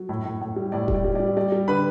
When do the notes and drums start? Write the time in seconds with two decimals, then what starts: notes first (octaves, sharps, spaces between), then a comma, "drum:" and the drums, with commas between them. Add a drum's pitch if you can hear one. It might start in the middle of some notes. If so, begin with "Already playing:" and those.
Already playing: F#3
0.09 A2
0.25 A2
0.41 A2
0.56 G3
0.72 A2 D5
0.88 G3, drum: kick E1
0.94 D5
1.05 G3
1.15 G3 D5
1.37 G3 D5
1.52 G3
1.68 D3 B4 B5